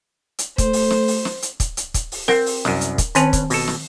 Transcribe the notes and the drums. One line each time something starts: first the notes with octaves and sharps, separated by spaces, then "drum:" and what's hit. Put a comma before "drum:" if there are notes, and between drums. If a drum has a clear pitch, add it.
drum: hi-hat
A3 C5, drum: kick, hi-hat
drum: open hi-hat
drum: snare
drum: open hi-hat
drum: snare
drum: hi-hat
drum: kick, hi-hat
drum: hi-hat
drum: kick, hi-hat
drum: open hi-hat
C4 A#4 F#5, drum: snare
drum: open hi-hat
C2 F#2, drum: snare
drum: hi-hat
drum: kick, hi-hat
D#3 C4 C#4 B4 A5, drum: hi-hat
drum: kick, hi-hat
B2 A4, drum: open hi-hat
drum: snare